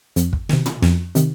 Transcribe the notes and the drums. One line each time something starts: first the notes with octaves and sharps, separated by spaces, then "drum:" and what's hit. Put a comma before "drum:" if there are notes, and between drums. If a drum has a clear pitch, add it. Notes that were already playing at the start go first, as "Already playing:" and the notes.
F2, drum: hi-hat
drum: kick
C3 D#3, drum: snare
drum: tom
F2, drum: snare
C3 D#3, drum: hi-hat